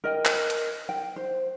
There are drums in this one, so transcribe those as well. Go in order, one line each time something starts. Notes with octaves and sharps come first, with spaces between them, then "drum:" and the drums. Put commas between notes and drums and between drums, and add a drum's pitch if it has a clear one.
A#4 D#5 G5
drum: clap
drum: hi-hat
G5
C5